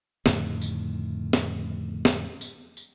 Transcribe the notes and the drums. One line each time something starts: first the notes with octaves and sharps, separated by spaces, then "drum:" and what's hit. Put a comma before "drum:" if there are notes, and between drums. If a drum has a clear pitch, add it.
F2 A2 D3 D#3, drum: snare
drum: tambourine
drum: snare
drum: snare
drum: tambourine
drum: tambourine